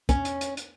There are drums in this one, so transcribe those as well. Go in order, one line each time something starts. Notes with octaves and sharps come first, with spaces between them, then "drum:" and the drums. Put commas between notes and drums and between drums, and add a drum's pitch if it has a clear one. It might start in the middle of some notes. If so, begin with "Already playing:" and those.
C#4, drum: kick, hi-hat
drum: hi-hat
drum: hi-hat
drum: hi-hat